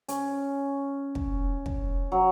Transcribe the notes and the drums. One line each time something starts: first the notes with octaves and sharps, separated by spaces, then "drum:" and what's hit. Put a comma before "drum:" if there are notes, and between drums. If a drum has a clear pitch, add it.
C#4, drum: hi-hat
drum: kick
drum: kick
F#3